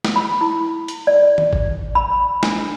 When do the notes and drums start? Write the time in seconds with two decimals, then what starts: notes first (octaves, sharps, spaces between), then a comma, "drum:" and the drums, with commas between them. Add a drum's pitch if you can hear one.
0.04 drum: snare
0.16 B5
0.41 E4
0.88 drum: hi-hat
1.07 D5
1.38 drum: tom D#3
1.53 drum: kick G#1
1.95 B5
2.43 D4, drum: snare